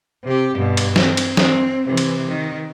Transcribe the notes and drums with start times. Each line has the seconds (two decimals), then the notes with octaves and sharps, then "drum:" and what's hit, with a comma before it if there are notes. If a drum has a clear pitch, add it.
0.24 C3 G4
0.56 G2 B2
0.77 drum: cymbal
0.96 C4, drum: snare
1.17 drum: cymbal
1.37 C4, drum: snare
1.86 C3 E3
1.97 drum: cymbal
2.29 D#3